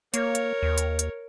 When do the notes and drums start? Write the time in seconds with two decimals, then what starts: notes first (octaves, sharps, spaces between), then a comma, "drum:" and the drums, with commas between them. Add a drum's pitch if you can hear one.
0.14 A#3 A#4 C#5, drum: hi-hat
0.35 drum: hi-hat
0.63 D#2
0.78 drum: hi-hat
0.99 drum: hi-hat